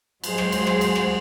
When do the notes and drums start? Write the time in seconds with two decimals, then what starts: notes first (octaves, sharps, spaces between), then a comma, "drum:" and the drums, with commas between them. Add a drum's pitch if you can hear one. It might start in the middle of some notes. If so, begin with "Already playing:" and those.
0.24 F#3 G#3 G#4 C5, drum: cymbal
0.38 drum: rim click
0.52 drum: cymbal
0.67 drum: rim click
0.81 drum: cymbal
0.95 drum: rim click